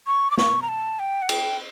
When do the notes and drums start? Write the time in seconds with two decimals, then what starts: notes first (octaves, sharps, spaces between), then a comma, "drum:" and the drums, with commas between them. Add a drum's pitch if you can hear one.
0.07 C#6
0.31 D6
0.38 C#6, drum: snare
0.62 A#5
0.69 A5
0.99 G5
1.22 F#5
1.29 G5, drum: cymbal